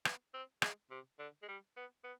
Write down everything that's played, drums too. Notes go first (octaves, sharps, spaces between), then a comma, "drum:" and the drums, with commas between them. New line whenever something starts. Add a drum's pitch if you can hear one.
B3, drum: rim click
C4
G#3, drum: rim click
C3
D3
G#3
G3
B3
B3